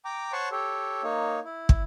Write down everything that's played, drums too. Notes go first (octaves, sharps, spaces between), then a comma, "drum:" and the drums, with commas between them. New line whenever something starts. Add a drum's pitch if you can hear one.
G5 A#5 D6
C5 C#5 F#5 A5 C6 C#6
G4 A4 C#5
A#3 D#4 C#5
E4
drum: kick